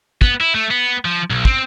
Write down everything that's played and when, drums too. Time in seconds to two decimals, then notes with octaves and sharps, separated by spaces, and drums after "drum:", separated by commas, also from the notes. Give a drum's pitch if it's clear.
0.21 B3, drum: kick
0.41 E4
0.54 A3
0.71 B3
1.05 F3
1.30 B1
1.45 C4, drum: kick